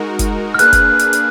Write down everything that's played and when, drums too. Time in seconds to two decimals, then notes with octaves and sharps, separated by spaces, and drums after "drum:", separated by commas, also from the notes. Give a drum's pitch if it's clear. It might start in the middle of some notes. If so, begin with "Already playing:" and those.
Already playing: G#3 D#4 F#4 A#4
0.19 drum: kick, hi-hat
0.54 F6
0.59 A#3 D4 G#4 B4 F#6, drum: hi-hat
0.73 drum: kick, hi-hat
0.99 drum: hi-hat
1.13 drum: hi-hat